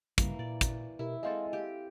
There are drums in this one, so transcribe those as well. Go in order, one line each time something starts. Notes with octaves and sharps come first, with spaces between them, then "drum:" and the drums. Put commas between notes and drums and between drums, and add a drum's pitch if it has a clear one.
G2 C#3 E3 G3 A#3, drum: kick, hi-hat
A#2 D5
drum: kick, hi-hat
B2 E4 G4 A#4
G#3 C4 A4 D#5 F5 C6
G4 F5